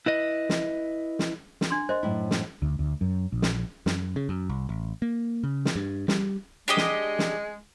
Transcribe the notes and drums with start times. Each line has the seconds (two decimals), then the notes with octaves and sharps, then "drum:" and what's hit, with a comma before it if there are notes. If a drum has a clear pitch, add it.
0.06 E4 B4 D#5
0.49 drum: snare
1.19 drum: snare
1.61 drum: snare
1.71 D4 C6
1.89 A#4 C5 D#5 C6
2.03 F#2 A2 E4
2.31 drum: snare
2.62 D2
2.79 D2
3.01 F#2
3.32 A#1
3.42 drum: snare
3.86 F#2, drum: snare
4.16 C#3
4.29 F#2
4.49 C2
4.69 A1
5.02 A#3
5.44 C#3
5.65 drum: snare
5.76 G2
6.08 G3, drum: snare
6.68 G#3 D4 G4 D#5
6.77 drum: snare
7.19 drum: snare